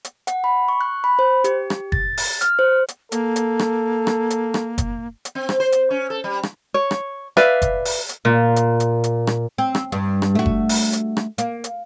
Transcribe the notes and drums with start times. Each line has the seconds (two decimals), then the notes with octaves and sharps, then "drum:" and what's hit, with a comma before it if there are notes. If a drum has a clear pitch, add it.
0.05 drum: hi-hat
0.27 F#5, drum: hi-hat
0.44 B5
0.68 C#6
0.81 F#6
1.04 B5
1.19 C5
1.44 G4, drum: hi-hat
1.70 drum: rim click
1.92 A6, drum: kick F#1
2.17 drum: open hi-hat
2.41 F6, drum: hi-hat
2.59 C5
2.88 drum: hi-hat
3.12 A#3 A4, drum: hi-hat
3.36 drum: hi-hat
3.59 drum: rim click
4.07 drum: rim click
4.30 drum: hi-hat
4.54 drum: rim click
4.78 drum: kick F#1, hi-hat
5.25 drum: hi-hat
5.35 C4
5.49 drum: rim click
5.60 C5
5.72 drum: hi-hat
5.90 C#4
6.10 A4
6.24 G3
6.43 drum: rim click
6.74 C#5
6.91 drum: rim click
7.37 B4 D5 E5 F5, drum: rim click
7.62 drum: kick F#1, hi-hat
7.85 drum: open hi-hat
8.09 drum: hi-hat
8.25 A#2
8.56 drum: hi-hat
8.80 drum: hi-hat
9.04 drum: hi-hat
9.27 drum: rim click
9.58 C4
9.75 drum: rim click
9.92 G2
10.22 drum: rim click
10.35 A3 F#4
10.46 drum: kick F#1
10.69 drum: open hi-hat
10.93 drum: hi-hat
11.17 drum: rim click
11.38 A#3, drum: hi-hat
11.64 drum: hi-hat